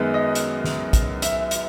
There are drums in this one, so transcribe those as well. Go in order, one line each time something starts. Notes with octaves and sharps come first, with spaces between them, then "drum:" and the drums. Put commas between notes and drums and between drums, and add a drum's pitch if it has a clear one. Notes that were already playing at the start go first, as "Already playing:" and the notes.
Already playing: F#2 D#3 G#3 B3
D#5
drum: hi-hat
drum: snare
drum: kick, hi-hat
E5, drum: hi-hat
drum: hi-hat